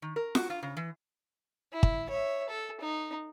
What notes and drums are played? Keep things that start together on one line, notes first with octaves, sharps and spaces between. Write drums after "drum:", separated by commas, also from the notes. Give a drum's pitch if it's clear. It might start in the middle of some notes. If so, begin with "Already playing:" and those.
D#3
A#4
F#4, drum: snare F4
F4
C#3
E3
E4
drum: kick
C#5 E5
A4
D#4